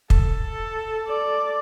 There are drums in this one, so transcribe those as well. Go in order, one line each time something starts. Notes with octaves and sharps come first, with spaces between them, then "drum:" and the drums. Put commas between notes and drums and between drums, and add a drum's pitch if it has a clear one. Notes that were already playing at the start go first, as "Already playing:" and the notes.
A4, drum: kick
D5